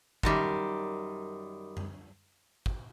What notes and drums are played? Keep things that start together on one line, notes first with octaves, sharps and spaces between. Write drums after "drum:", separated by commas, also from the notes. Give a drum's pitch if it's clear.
F#2 D#3 G3, drum: kick
drum: tom F#2
drum: kick